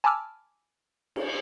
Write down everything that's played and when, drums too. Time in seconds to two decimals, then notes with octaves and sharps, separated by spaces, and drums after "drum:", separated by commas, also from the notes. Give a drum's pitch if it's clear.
0.04 G#5 A5 B5 D6 E6 F6
1.16 drum: cymbal